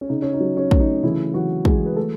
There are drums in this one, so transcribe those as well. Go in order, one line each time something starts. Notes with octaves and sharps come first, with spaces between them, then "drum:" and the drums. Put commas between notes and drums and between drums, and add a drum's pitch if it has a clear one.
C#4
C#3 D#4
C#4
D#4
F#3
C#4
A3, drum: kick
D#4
C#3 E3 E4
E3 F#3 F#4
E3 G#3 G#4, drum: kick
B4
A3 A4